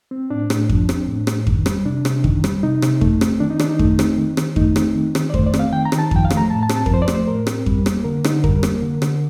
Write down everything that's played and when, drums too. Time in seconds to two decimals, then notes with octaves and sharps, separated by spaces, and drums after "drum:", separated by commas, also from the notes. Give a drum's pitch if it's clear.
0.11 C4
0.30 A2 D4
0.50 A2, drum: rim click
0.69 F3, drum: kick F2
0.89 C4, drum: rim click
1.08 A2
1.27 A2, drum: rim click
1.47 D#3, drum: kick F2
1.66 G3, drum: rim click
1.85 C3 D4
2.05 C3, drum: rim click
2.24 D#3, drum: kick F2
2.44 G3, drum: rim click
2.63 C3 D#4
2.82 C3, drum: rim click
3.01 A3, drum: kick F2
3.21 C4, drum: rim click
3.40 D#3 D4
3.50 D#4
3.59 D#3 D4, drum: rim click
3.69 D#4
3.79 A3, drum: kick F2
3.99 C4, drum: rim click
4.18 D#3
4.37 D#3, drum: rim click
4.56 A3 D#4, drum: kick F2
4.76 C4, drum: rim click
4.95 D#3
5.15 D#3, drum: rim click
5.30 D5
5.34 A3 C5, drum: kick F2
5.47 D5
5.54 C4, drum: rim click
5.59 F5
5.72 D#3 G5
5.85 A#5
5.92 D#3, drum: rim click
5.98 A5
6.11 F3 G5, drum: kick F2
6.25 F5
6.30 A3, drum: rim click
6.37 A#5
6.50 A2 A5
6.63 A5
6.69 C4, drum: rim click
6.76 A5
6.86 F3 A#4, drum: kick F2
6.94 C5
7.02 D5
7.08 A3, drum: rim click
7.14 C5
7.28 A2 A#4
7.47 C4, drum: rim click
7.66 G3, drum: kick F2
7.86 A#3, drum: rim click
8.04 D3 A#4
8.24 D3 D#4, drum: rim click
8.44 G3 A#4, drum: kick F2
8.63 A#3, drum: rim click
8.82 D3
9.02 D3, drum: rim click